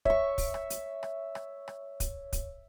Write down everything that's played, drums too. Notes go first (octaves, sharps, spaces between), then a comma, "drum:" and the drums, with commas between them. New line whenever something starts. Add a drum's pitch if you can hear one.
C#5 E5 C#6, drum: kick
drum: kick, open hi-hat
drum: rim click
drum: hi-hat
drum: rim click
drum: rim click
drum: rim click
drum: kick, hi-hat
drum: kick, hi-hat